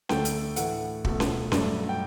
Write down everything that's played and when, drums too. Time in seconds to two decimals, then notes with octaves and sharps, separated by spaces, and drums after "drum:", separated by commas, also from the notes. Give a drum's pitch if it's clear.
0.09 D2 D3 A3 G5, drum: snare C#4
0.25 drum: hi-hat
0.56 A2 E3 A3 F#5, drum: hi-hat
1.05 C#2 B2 A3, drum: kick
1.20 drum: snare C#4
1.52 G2 F#3 A3, drum: snare C#4
1.89 G5